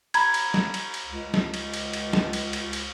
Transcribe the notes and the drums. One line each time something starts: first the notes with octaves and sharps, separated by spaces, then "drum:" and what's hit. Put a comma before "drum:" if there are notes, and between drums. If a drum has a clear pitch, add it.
A#5 B5 G#6, drum: cymbal
drum: cymbal
drum: snare
drum: cymbal
drum: cymbal
C#2
drum: snare
drum: cymbal
drum: cymbal
drum: cymbal
drum: snare
drum: cymbal
drum: cymbal
drum: cymbal